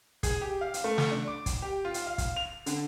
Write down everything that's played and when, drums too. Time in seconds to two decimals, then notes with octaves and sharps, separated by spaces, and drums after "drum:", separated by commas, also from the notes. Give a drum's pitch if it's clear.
0.23 G#4, drum: kick, hi-hat
0.41 G4
0.61 F5
0.74 drum: hi-hat
0.84 A3
0.98 drum: snare
1.11 D4
1.28 D6
1.46 drum: kick, hi-hat
1.62 G4
1.85 F4
1.94 drum: hi-hat
2.07 F5
2.18 drum: kick, hi-hat
2.37 F7
2.66 D3, drum: hi-hat